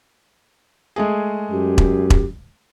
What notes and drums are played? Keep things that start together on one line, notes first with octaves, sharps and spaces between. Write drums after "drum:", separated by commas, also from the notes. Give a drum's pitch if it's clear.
G#3 A3 G#4
F#2 G4
drum: kick E1
drum: kick E1